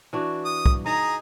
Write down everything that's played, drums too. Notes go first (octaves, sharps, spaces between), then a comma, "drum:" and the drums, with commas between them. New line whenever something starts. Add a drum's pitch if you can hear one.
E3 D4 F#4
D#6
drum: kick
D#4 G#4 A#5 D#6